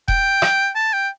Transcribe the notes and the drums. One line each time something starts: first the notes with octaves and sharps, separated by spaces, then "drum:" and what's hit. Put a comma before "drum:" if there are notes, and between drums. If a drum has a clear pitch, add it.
G5, drum: kick E1
drum: rim click
A5
G5